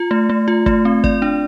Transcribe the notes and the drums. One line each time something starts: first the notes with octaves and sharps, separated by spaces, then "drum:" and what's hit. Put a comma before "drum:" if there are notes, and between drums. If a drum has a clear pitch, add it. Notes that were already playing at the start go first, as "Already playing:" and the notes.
Already playing: F4
A3
A3
F4
A3, drum: kick
C4
D5, drum: kick
D4